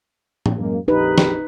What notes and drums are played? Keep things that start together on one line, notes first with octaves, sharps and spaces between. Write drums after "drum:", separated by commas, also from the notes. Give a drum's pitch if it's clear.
drum: tom A2
F#2 G#3 A#3
A#1 F2 D#4 G4 B4
drum: snare